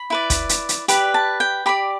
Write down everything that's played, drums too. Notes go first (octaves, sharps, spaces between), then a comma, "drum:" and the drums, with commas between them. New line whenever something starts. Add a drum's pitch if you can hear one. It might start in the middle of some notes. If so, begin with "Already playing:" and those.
Already playing: B5
E4 B4 D5
drum: kick, hi-hat
drum: hi-hat
drum: hi-hat
G4 B4 D5, drum: hi-hat
A5
G5
G4 D5 B5